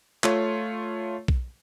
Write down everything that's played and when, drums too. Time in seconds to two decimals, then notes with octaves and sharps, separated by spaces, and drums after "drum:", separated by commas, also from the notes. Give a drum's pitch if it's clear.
0.24 A3 F4 C#5, drum: clap
1.28 drum: kick B1